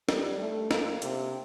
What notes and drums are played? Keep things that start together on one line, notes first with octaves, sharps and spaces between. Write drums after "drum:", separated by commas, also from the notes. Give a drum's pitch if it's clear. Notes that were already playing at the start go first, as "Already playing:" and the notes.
G3, drum: snare
A3
A#3, drum: snare
C3, drum: hi-hat